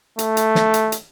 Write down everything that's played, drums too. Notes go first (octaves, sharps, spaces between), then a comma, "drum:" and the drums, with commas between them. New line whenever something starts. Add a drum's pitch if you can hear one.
A3, drum: hi-hat
drum: hi-hat
drum: snare
drum: hi-hat
drum: hi-hat